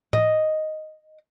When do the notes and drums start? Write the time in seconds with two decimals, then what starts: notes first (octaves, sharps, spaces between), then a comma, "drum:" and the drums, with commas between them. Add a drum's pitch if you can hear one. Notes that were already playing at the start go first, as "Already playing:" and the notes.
0.13 D#5, drum: tom A2